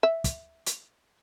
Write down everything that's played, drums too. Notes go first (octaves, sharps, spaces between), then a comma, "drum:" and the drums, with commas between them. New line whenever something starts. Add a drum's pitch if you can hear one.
E5
drum: kick, hi-hat
drum: hi-hat